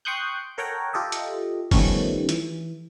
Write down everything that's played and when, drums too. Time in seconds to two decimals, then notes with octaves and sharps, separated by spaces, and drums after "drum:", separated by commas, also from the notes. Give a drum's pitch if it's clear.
0.05 G5 C6 C#6 D#6 F#6 G6
0.58 A4 A#4 C#5 F#5 G5 A#5
0.93 F4 G4 A4 D#5 E5
1.12 drum: hi-hat
1.71 D#3 F3 G3 A3 B3 C#4, drum: kick F#1, open hi-hat
2.29 E3, drum: hi-hat